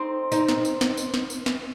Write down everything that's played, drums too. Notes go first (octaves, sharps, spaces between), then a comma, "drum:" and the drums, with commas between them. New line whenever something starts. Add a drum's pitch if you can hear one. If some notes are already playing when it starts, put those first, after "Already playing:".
Already playing: C4 D#4
C4 D#4, drum: tambourine
drum: snare
drum: tambourine
drum: snare
drum: tambourine
drum: snare
drum: tambourine
drum: snare